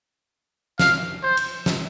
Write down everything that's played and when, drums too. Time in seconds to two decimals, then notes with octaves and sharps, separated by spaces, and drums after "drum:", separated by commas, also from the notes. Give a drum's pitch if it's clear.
0.79 F5, drum: snare
1.23 C5
1.37 drum: cymbal
1.66 drum: snare